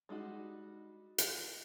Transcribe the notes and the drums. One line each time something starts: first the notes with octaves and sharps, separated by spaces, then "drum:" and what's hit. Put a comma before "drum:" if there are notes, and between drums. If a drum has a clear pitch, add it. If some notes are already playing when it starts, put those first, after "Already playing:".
G3 G#3 D#4 F#4
drum: hi-hat